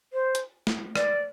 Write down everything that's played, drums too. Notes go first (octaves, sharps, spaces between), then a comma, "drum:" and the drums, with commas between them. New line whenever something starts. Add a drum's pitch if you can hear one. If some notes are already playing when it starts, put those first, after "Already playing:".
C5
drum: hi-hat
drum: snare
D5, drum: rim click